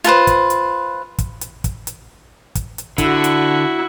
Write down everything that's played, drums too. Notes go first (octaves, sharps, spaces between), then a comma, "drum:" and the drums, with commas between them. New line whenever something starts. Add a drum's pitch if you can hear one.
F4 A4 B4 C5, drum: hi-hat
drum: kick, hi-hat
drum: hi-hat
drum: kick, hi-hat
drum: hi-hat
drum: kick, hi-hat
drum: hi-hat
drum: kick, hi-hat
drum: hi-hat
D3 E4 F#4, drum: kick, hi-hat
drum: hi-hat